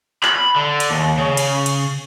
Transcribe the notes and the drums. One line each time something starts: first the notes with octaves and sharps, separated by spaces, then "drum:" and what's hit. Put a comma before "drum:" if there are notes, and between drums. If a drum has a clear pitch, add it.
B5, drum: clap
D3
drum: cymbal
D#2
C#3
drum: cymbal
drum: cymbal